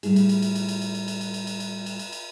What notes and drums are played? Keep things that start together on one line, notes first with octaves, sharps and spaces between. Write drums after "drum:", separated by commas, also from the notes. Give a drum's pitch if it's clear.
A2 G3 A3 E4 G#4, drum: cymbal
drum: cymbal
drum: cymbal
drum: cymbal
drum: cymbal
drum: cymbal
drum: cymbal
drum: cymbal
drum: cymbal
drum: cymbal
drum: cymbal
drum: cymbal
drum: cymbal
drum: cymbal
drum: cymbal
drum: cymbal